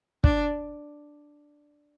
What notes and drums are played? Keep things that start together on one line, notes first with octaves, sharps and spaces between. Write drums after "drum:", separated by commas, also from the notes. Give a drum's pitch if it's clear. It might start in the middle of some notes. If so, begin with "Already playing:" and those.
D4, drum: kick